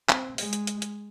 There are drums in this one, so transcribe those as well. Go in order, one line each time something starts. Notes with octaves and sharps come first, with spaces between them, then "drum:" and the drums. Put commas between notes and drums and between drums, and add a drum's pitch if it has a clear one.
C4, drum: clap
G#3, drum: open hi-hat
drum: hi-hat
drum: hi-hat
drum: hi-hat